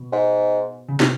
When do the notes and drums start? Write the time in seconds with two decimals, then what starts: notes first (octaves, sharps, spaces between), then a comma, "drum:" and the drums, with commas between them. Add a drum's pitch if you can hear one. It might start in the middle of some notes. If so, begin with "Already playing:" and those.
Already playing: B2
0.12 G#2
0.88 C#3
1.00 C3, drum: snare